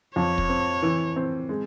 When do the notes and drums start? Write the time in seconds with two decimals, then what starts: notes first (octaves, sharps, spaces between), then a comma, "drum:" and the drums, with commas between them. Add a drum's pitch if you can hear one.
0.15 F2 C#5
0.38 drum: kick
0.49 C4
0.82 E3
1.16 C4
1.49 G#3